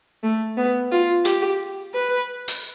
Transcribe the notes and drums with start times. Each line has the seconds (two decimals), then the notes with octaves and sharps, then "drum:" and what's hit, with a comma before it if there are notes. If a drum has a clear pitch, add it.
0.23 A3
0.58 B3
0.92 F4
1.25 G4, drum: hi-hat
1.94 B4
2.48 drum: open hi-hat